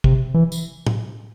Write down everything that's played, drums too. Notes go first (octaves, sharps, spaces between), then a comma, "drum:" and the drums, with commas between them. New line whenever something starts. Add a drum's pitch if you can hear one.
C3, drum: kick
E3
drum: tambourine
drum: tom